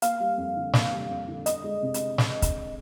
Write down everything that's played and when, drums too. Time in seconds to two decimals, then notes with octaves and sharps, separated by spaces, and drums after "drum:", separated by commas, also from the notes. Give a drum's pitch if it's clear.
0.02 A#3 F5, drum: hi-hat
0.20 G3
0.38 F2
0.57 D3
0.73 A#3, drum: snare
0.92 G3
1.10 F2
1.28 D3
1.46 D4 D#5, drum: hi-hat
1.64 G#3
1.83 C3
1.94 drum: hi-hat
2.18 drum: snare
2.42 drum: kick, hi-hat